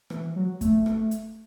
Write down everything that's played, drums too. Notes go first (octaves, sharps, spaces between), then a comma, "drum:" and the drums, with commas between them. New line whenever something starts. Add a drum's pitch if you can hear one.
E3, drum: rim click
F#3
A3, drum: kick, hi-hat
drum: rim click
drum: hi-hat